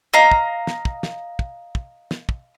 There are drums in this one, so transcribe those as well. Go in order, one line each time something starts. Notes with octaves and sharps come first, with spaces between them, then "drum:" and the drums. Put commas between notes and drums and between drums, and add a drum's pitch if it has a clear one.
D#5 F5 A#5
drum: kick
drum: snare
drum: kick
drum: snare
drum: kick
drum: kick
drum: snare
drum: kick